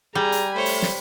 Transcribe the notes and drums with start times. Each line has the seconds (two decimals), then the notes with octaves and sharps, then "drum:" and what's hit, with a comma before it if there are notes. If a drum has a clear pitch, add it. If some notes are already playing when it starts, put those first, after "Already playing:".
0.15 G3 G#4 G#5 A#5
0.32 drum: hi-hat
0.55 A3 C5 C#5 B5
0.66 drum: open hi-hat
0.82 drum: snare